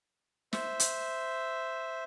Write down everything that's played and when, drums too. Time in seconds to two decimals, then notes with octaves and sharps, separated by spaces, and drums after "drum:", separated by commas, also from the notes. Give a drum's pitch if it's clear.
0.53 C5 E5, drum: snare
0.80 drum: hi-hat